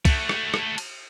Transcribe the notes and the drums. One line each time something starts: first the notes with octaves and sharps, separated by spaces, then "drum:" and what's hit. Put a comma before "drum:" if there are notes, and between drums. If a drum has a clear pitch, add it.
A3 F#4, drum: kick, cymbal
drum: rim click
drum: rim click
drum: cymbal